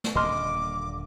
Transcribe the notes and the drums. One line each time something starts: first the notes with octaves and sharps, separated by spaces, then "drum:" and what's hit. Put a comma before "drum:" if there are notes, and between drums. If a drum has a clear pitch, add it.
drum: snare
D#1 A#2 D3 D#5 C6 D6 F6